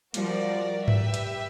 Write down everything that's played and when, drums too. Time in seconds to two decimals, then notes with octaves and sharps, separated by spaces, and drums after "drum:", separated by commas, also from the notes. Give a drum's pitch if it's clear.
0.14 F3 G3 F#4 A#4 D5, drum: hi-hat
0.88 G4 B4 E5, drum: tom G2
1.14 drum: hi-hat